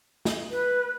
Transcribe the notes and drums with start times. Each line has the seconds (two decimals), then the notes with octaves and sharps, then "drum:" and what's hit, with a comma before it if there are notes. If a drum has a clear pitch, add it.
0.25 drum: snare
0.50 B4